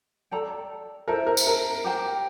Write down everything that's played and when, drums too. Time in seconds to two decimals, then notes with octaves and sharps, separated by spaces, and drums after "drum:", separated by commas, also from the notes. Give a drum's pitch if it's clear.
0.31 A4 D5 G5 A#5
1.08 E4 A4 A#4 C5
1.27 A#4
1.37 drum: tambourine
1.47 A#4
1.84 G4 C5 G5 A#5